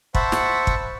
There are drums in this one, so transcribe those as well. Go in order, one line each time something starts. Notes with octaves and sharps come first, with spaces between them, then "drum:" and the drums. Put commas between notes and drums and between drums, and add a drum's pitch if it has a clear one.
C5 E5 F#5 A5 B5 C#6, drum: kick
drum: snare
drum: kick